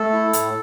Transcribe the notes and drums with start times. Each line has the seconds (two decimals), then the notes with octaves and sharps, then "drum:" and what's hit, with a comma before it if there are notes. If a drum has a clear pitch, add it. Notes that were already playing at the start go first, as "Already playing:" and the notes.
Already playing: A3 A4
0.13 E4
0.33 A2, drum: hi-hat